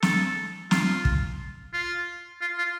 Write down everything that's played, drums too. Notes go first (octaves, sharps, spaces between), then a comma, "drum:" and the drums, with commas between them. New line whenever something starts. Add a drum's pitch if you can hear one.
A4, drum: snare
F4, drum: snare
drum: kick
F4
F4
F4